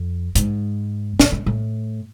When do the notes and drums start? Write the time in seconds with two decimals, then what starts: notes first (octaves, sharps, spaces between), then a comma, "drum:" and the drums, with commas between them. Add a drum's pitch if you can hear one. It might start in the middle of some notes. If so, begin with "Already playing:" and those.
Already playing: F2
0.35 G#2, drum: hi-hat
1.20 A2, drum: snare
1.32 G#2
1.46 A2